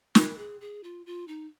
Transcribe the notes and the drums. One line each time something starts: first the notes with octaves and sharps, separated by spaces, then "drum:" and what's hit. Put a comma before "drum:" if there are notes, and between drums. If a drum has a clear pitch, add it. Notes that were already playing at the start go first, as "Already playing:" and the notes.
A#4, drum: snare
G#4
G#4
F4
F4
D#4